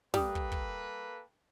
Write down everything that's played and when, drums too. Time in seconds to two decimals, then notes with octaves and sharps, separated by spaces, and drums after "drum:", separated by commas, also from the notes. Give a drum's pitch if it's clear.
0.14 G3 A#3 A4 B4 G5 D#6, drum: snare
0.35 drum: kick
0.52 drum: kick